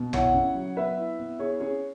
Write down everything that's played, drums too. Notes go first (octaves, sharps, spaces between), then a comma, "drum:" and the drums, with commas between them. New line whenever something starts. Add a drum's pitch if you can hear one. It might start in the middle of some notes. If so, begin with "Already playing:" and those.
Already playing: B2
E4 C#5 F#5, drum: tom
C#3
F#3
B3 B4 E5
E4
B3
E4 G#4 C#5
C#4 G#4 C#5